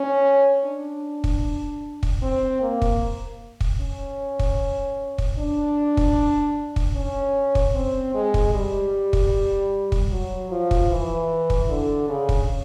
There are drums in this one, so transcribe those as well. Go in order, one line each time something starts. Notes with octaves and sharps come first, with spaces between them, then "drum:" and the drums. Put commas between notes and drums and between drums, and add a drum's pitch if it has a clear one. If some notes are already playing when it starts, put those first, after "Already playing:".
Already playing: C#4
D4
drum: kick
drum: kick
C4
A#3
drum: kick
drum: kick
C#4
drum: kick
drum: kick
D4
drum: kick
drum: kick
C#4
drum: kick
C4
G#3
drum: kick
G3
drum: kick
drum: kick
F#3
F3
drum: kick
E3
drum: kick
D3
C#3
drum: kick